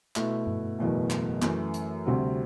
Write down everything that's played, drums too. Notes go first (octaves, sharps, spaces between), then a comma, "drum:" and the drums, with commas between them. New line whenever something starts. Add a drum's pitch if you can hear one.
B2 A3 E4, drum: clap
drum: tom G2
F#1 E2 B2 A3
drum: clap
F#2 E3 A3, drum: clap
drum: hi-hat
D2 C3 G3 C4 F#4